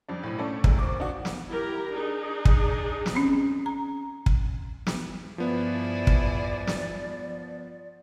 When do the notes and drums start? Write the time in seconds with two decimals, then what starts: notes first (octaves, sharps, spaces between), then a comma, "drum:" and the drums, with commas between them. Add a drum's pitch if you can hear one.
0.09 F2 G3 D4
0.23 B1 A2
0.38 A3 C#4 D4 A4
0.64 D2 C3 G#3, drum: kick
0.79 D#2 C4 C#6 D6
1.00 D4 D#4 F#4
1.25 drum: snare
1.49 E4 G4 A#4
1.94 D4 D#4 G#4
2.45 drum: kick
3.06 drum: snare
3.15 C4 C#4
3.66 A#5
4.26 drum: kick
4.87 drum: snare
5.38 G2 F3 B3 E4 G#4 D5
6.07 drum: kick
6.67 drum: snare